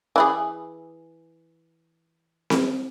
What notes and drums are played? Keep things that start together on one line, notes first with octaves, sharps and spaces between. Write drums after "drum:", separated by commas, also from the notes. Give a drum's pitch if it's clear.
E3 E4 G#4
drum: snare C4